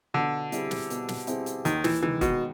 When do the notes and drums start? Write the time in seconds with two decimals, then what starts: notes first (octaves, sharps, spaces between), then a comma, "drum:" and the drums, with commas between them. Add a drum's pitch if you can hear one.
0.14 B2 D3
0.52 G3 C4 E4 G#4, drum: hi-hat
0.71 drum: snare
0.90 B2, drum: hi-hat
1.09 drum: snare
1.27 G3 C4 E4 G#4, drum: hi-hat
1.46 drum: hi-hat
1.65 D#2 D#3, drum: hi-hat
1.84 E3, drum: snare
2.02 D#3 E3 G#3, drum: tom C3
2.21 B2, drum: kick, hi-hat